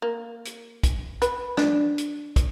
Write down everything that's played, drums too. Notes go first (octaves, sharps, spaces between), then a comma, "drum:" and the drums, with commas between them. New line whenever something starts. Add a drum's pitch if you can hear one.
A#3
drum: hi-hat
drum: kick, hi-hat
B4, drum: hi-hat
D4, drum: snare
drum: hi-hat
drum: kick, hi-hat